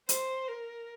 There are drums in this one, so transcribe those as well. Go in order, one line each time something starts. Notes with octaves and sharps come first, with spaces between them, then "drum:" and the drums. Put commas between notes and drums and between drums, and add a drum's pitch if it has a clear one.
C5, drum: hi-hat
A#4